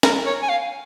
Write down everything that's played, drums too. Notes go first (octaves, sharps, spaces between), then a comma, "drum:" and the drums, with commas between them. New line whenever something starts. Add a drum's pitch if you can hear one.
A#4, drum: snare
C#5
G#5
F5